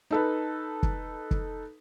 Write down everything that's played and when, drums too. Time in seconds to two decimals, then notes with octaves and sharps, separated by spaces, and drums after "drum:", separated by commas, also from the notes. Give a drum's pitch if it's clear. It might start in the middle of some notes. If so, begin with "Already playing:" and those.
0.11 D#4 A4 B4
0.83 drum: kick
1.31 drum: kick